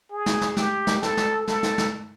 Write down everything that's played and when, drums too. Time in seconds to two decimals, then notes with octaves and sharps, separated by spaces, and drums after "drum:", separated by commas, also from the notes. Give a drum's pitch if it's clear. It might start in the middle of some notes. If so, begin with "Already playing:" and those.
0.12 G#4
0.26 drum: snare
0.41 drum: snare
0.56 G4, drum: snare
0.87 drum: snare
1.03 A4, drum: snare
1.17 drum: snare
1.47 A4, drum: snare
1.63 drum: snare
1.78 drum: snare